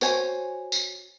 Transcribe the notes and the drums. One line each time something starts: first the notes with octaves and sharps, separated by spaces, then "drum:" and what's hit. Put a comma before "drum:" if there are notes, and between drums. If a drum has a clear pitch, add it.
F#4 C5 C#5 G#5, drum: tambourine
drum: tambourine